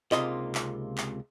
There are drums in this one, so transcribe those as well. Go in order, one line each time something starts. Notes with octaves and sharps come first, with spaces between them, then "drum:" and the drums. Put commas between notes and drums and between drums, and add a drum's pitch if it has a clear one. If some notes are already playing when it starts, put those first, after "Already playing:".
C#2 C3 A#3 D#4 F4 D#5, drum: clap
drum: clap
drum: clap